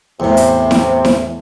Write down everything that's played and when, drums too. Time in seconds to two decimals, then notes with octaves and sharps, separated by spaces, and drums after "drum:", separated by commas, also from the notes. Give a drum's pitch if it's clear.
0.20 E2 A2 C3
0.37 drum: hi-hat
0.71 drum: snare E4
1.05 drum: snare E4